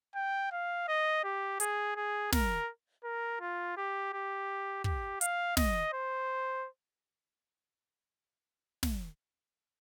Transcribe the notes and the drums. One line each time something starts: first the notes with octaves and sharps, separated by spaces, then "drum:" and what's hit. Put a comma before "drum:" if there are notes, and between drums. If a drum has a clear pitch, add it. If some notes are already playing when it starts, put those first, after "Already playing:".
G5
F5
D#5
G4
G#4, drum: hi-hat
G#4
A#4, drum: snare
A#4
F4
G4
G4
G4, drum: kick
F5, drum: hi-hat
D#5, drum: snare
C5
drum: snare